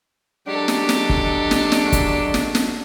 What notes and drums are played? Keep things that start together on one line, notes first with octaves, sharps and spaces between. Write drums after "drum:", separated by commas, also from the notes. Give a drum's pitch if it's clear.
F#3 G#3 D4 G4 A4
drum: snare
drum: snare
drum: kick
drum: snare
drum: snare
drum: kick, hi-hat
drum: snare
drum: snare